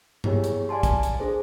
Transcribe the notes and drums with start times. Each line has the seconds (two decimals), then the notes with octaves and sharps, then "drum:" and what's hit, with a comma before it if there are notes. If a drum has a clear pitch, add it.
0.24 B3 E4 G4 G#4 C#5, drum: tom G2
0.44 drum: hi-hat
0.69 D5 F5 G#5 A5 C6
0.83 drum: kick, hi-hat
1.03 drum: hi-hat
1.20 D4 G#4 A4 C5